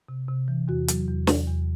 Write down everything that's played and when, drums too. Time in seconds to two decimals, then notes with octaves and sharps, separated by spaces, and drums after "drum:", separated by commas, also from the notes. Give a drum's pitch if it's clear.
0.09 C3
0.28 C3
0.48 E3
0.68 E2 F#4
0.88 F#3, drum: hi-hat
1.08 E2
1.27 E2, drum: snare
1.48 E2